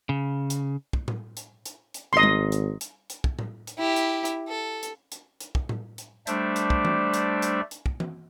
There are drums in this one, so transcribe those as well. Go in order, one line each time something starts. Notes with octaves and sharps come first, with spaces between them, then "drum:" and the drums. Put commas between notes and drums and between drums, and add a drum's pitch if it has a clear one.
C#3
drum: hi-hat
drum: kick
drum: tom A2
drum: hi-hat
drum: hi-hat
drum: hi-hat
G#1 D#5 C6
drum: tom G3
drum: hi-hat
drum: hi-hat
drum: hi-hat
drum: kick
drum: tom A2
drum: hi-hat
E4 G4
drum: hi-hat
drum: hi-hat
A4
drum: hi-hat
drum: hi-hat
drum: hi-hat
drum: kick
drum: tom A2
drum: hi-hat
G3 A3 D4 C5 D5 E5, drum: hi-hat
drum: hi-hat
drum: kick
drum: tom E3
drum: hi-hat
drum: hi-hat
drum: hi-hat
drum: kick
drum: tom E3